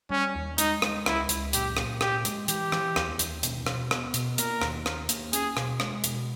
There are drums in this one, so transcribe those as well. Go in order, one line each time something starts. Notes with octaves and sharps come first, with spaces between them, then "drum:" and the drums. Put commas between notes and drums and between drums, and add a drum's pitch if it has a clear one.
G3 C#4
D#2
G#3 D#4, drum: hi-hat
G#3, drum: rim click
C#2 E4, drum: rim click
C#2, drum: hi-hat
A#2 G4, drum: hi-hat
A#2, drum: rim click
A#2 G4, drum: rim click
G#3, drum: hi-hat
E3 G4, drum: hi-hat
E3, drum: rim click
D#2, drum: rim click
D#2, drum: hi-hat
B2, drum: hi-hat
B2, drum: rim click
B3, drum: rim click
B2, drum: hi-hat
A#3 A#4, drum: hi-hat
D#2, drum: rim click
D#2, drum: rim click
A#3, drum: hi-hat
C#4 G#4, drum: hi-hat
B2, drum: rim click
G#3, drum: rim click
B2, drum: hi-hat